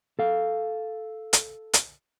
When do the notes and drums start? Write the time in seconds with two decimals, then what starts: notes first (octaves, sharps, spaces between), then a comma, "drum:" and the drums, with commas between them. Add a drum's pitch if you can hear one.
0.19 A4 F5
1.33 drum: hi-hat
1.73 drum: hi-hat